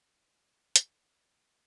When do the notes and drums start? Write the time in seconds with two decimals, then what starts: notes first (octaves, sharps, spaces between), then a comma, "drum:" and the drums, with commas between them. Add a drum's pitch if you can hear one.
0.30 A2 C#3 F#3 G3 A4
0.76 drum: hi-hat